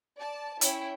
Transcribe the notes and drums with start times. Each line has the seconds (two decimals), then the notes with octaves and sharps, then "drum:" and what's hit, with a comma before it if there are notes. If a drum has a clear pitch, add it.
0.19 D5 A5
0.61 C#4 E4 C#5 G5, drum: hi-hat